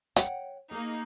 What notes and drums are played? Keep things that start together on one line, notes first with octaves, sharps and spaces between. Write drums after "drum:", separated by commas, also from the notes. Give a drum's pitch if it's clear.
C#5 F#5 G5, drum: hi-hat
A#3 D#4 G#4